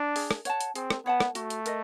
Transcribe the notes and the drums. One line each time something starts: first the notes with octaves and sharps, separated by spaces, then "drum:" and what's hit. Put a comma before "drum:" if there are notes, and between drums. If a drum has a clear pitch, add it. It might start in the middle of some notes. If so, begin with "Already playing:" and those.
Already playing: D4
G#4, drum: open hi-hat
drum: rim click
C#5 F#5 A5, drum: hi-hat
drum: hi-hat
C4 G#4, drum: hi-hat
drum: rim click
B3 C#5 F#5 A5
drum: rim click
A3 F#4, drum: hi-hat
drum: hi-hat
A#4 D#5, drum: hi-hat